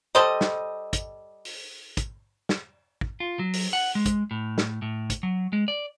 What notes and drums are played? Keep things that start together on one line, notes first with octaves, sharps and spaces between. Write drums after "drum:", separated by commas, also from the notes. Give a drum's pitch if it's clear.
G3 A4 C5 D#5
drum: snare
drum: kick, hi-hat
drum: open hi-hat
drum: kick, hi-hat
drum: snare
drum: kick
F4
F#3
drum: open hi-hat
F#5
G#3
drum: kick, hi-hat
A2
drum: snare
A2
drum: kick, hi-hat
F#3
G#3
D5